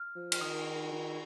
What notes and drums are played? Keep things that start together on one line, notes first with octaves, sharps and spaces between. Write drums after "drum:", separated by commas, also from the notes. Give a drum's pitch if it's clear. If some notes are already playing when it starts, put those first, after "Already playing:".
Already playing: F6
F3
F6, drum: cymbal
D#3 D#6
D#3